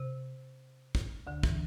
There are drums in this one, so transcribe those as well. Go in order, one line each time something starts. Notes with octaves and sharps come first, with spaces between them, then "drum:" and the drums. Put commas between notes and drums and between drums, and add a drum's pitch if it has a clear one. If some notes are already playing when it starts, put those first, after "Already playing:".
Already playing: C3
drum: kick
D2 D3
E3, drum: kick